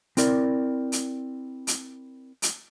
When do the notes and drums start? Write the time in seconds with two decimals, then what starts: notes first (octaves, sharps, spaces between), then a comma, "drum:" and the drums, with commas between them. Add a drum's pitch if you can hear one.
0.17 C4 E4 A#4 D5, drum: hi-hat
0.92 drum: hi-hat
1.67 drum: hi-hat
2.42 drum: hi-hat